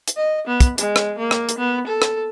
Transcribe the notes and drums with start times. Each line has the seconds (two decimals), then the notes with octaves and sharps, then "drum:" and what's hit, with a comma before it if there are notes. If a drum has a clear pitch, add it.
0.08 drum: hi-hat
0.17 D#5
0.47 B3
0.60 drum: kick, hi-hat
0.78 G#3, drum: hi-hat
0.96 drum: rim click
1.19 A#3
1.31 drum: rim click
1.49 drum: hi-hat
1.58 B3
1.87 A4
2.02 drum: rim click